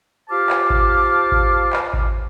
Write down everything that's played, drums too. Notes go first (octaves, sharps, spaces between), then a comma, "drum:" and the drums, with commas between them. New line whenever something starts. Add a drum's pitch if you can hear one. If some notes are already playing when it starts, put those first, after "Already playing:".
F4 G4 C5 F5 A5 D6
drum: clap
drum: kick G#1
drum: kick G#1
drum: clap
drum: kick G#1